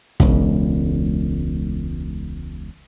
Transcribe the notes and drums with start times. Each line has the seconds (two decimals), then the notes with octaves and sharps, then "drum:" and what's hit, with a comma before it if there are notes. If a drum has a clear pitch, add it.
0.20 E1 C#2, drum: kick